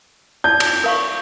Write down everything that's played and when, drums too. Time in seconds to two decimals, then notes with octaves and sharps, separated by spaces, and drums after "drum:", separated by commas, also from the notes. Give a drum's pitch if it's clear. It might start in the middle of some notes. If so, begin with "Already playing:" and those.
0.44 D5 A5 G6
0.60 drum: cymbal
0.84 A#4 F5 C#6